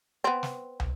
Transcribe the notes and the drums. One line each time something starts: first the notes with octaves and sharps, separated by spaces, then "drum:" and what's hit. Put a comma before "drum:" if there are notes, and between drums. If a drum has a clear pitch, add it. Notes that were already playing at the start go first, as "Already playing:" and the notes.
B3 C4
drum: snare
drum: tom